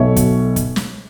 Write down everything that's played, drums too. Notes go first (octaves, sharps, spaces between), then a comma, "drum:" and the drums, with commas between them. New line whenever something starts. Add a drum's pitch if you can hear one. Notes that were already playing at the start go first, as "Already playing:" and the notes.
Already playing: B1 B2 A3 C#5 E5
drum: kick, hi-hat
drum: kick, hi-hat
drum: snare